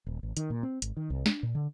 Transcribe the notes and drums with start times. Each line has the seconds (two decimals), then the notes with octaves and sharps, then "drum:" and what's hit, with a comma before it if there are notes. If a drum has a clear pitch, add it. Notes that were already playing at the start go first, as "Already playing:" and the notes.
0.06 D#1
0.23 A1
0.37 D#3, drum: hi-hat
0.50 A#2
0.63 C4
0.82 G#1, drum: hi-hat
0.97 D#3
1.10 C2
1.26 D4, drum: snare
1.43 A#2
1.55 D3